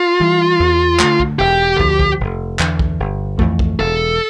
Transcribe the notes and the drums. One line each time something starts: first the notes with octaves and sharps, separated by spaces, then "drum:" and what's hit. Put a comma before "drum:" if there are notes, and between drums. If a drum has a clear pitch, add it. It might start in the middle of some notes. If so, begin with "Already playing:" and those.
Already playing: F4
E3 G3
E2
D3 A3, drum: clap
drum: kick
E1 G4
D2 D3 F3, drum: kick
drum: kick
F1
E2 D3, drum: clap
drum: kick
G1
F2 E3 A3, drum: kick
drum: kick
E1 A4